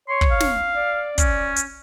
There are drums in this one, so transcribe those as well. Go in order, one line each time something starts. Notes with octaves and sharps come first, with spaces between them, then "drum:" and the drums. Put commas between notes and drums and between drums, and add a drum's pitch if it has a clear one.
C#5 C6
drum: kick
F5
drum: snare
D5
C#4, drum: kick, hi-hat
drum: hi-hat